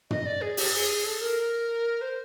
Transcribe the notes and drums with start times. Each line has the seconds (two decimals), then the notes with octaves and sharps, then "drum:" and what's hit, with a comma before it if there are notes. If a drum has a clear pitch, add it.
0.11 D#5, drum: tom
0.26 D5
0.42 G#4
0.57 G4, drum: open hi-hat
0.73 G#4
1.05 A4
1.21 A#4
2.01 C5